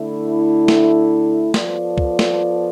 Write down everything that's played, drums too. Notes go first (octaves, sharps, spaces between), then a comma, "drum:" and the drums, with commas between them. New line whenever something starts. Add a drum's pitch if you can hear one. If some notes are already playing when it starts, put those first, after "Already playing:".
Already playing: D3 A3 E4
drum: snare
F3 B3 F4 A4 D5, drum: snare
drum: kick
drum: snare